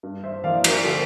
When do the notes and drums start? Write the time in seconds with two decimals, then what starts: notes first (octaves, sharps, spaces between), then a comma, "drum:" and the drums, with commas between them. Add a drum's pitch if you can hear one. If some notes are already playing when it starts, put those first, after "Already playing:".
0.03 G2
0.24 C5 E5
0.44 F3 A#3 E4 D5 F5
0.64 A#4 D5, drum: cymbal
0.84 D3 A4 C5